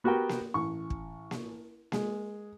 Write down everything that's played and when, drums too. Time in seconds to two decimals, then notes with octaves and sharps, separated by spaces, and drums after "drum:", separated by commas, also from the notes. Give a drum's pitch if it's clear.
0.04 B3 F#4 G4 A#4 G5
0.29 drum: snare A#3
0.54 A1 C#6
0.90 drum: kick
1.31 drum: snare A#3
1.92 G#3, drum: snare A#3